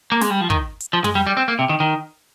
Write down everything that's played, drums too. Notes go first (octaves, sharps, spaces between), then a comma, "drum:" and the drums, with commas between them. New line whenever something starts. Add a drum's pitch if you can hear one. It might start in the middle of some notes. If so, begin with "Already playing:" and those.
A#3
G#3, drum: snare
G3
F3
D#3, drum: kick
drum: hi-hat
F3
G#3, drum: tom
G3
G3
C4
A#3
C3
D#3
D#3